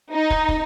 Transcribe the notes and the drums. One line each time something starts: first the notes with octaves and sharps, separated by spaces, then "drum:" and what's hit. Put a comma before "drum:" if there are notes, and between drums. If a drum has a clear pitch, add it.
D#4
drum: kick
drum: kick